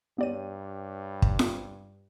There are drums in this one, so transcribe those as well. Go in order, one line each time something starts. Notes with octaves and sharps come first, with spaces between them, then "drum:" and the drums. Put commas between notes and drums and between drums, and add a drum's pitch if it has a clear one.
G2 B3 G4 C#5 D5 D#7
drum: kick
drum: snare F4